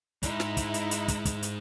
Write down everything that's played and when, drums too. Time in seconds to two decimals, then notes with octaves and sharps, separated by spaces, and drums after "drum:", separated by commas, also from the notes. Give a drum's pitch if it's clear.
0.23 G#2 D#4 E4, drum: kick, hi-hat
0.40 drum: snare
0.57 drum: kick, hi-hat
0.74 drum: hi-hat
0.91 drum: hi-hat
1.08 drum: kick, hi-hat
1.25 drum: kick, hi-hat
1.43 drum: hi-hat